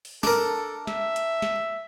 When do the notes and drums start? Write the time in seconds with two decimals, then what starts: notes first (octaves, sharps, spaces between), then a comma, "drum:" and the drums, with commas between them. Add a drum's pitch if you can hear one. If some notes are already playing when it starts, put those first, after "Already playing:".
0.05 drum: open hi-hat
0.23 D4 A4 A#4, drum: snare
0.87 E5, drum: snare
1.16 drum: hi-hat
1.42 drum: snare